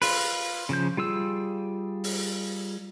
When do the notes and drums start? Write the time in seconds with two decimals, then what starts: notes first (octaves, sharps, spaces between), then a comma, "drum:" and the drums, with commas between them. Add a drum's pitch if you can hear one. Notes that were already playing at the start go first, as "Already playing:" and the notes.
0.02 F4 B4, drum: open hi-hat
0.69 C#3 F3 G6
0.97 G3 F4 G#4 E6
2.04 drum: open hi-hat